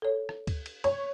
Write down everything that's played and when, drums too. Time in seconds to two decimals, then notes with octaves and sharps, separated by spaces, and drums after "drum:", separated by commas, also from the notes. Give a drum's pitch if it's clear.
0.02 A4 C#5
0.29 drum: rim click
0.47 drum: kick, cymbal
0.66 drum: cymbal
0.84 C#5, drum: cymbal